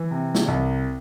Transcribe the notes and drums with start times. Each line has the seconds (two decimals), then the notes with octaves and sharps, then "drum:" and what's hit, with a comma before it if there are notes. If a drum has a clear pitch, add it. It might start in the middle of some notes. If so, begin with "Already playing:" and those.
Already playing: E3
0.11 C3
0.35 drum: snare
0.48 C2